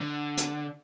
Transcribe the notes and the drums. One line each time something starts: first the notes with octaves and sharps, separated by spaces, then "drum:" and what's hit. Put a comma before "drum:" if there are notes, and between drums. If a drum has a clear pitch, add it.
D3
drum: hi-hat